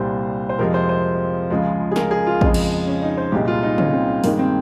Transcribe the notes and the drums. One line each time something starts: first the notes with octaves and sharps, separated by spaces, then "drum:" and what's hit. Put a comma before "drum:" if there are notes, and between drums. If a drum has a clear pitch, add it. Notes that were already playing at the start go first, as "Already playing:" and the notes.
Already playing: C2 A#2 G3 C5
C5
F2 C3 F3 G#3 A#4
C5
C5
C#2 C#3 F3 G#3
G#4
A#4, drum: snare
G#4
F4
F2 C#3 F3 G#3, drum: kick A1
drum: cymbal
C#4
D#4
C5
C2 A#2 G#3 G4
F4
D#4
C#4, drum: tom
C4
G2 D#3 G#3 A#3, drum: open hi-hat
C4